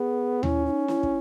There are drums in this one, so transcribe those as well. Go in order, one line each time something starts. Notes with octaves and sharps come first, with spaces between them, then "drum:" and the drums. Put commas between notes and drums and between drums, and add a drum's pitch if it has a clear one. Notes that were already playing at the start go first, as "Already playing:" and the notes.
Already playing: B3 G#4
C#4 E4, drum: tom D#2
E4
D#4
E4, drum: snare
drum: kick